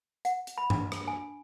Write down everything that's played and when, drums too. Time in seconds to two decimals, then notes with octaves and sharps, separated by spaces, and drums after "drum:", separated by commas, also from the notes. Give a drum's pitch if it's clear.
0.25 F#5, drum: hi-hat
0.47 drum: hi-hat
0.58 B5
0.70 D4, drum: tom G2
0.92 drum: rim click
1.08 G#5